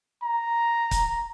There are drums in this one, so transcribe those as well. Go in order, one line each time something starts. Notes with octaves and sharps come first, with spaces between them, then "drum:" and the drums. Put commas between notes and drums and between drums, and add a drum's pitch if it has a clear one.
A#5
drum: kick, hi-hat